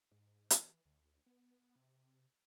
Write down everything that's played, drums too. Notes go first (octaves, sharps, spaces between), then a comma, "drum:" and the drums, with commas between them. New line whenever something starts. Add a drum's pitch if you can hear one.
G#2
E3, drum: hi-hat
D2
B3
C3